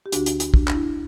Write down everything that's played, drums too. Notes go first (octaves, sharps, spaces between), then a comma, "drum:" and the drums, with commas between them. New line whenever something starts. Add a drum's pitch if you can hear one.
G4
D2 D3 D4 F#4, drum: hi-hat
drum: hi-hat
drum: hi-hat
D4, drum: kick
D4, drum: clap
E4